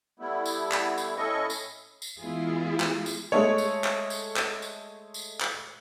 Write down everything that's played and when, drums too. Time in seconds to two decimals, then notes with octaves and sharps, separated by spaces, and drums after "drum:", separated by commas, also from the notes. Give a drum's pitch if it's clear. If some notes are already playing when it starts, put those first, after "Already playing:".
0.19 G3 A3 B3 E4
0.46 drum: tambourine
0.72 drum: clap
0.98 drum: tambourine
1.17 A2 C#4 E4 A4 D#5 C#6
1.50 drum: tambourine
2.02 drum: tambourine
2.20 E3 G#3 B3 E4 F4 G#4
2.80 drum: clap
3.06 drum: tambourine
3.32 G#3 A3 C#5
3.58 drum: tambourine
3.84 drum: clap
4.10 drum: tambourine
4.36 drum: clap
4.62 drum: tambourine
5.14 drum: tambourine
5.40 drum: clap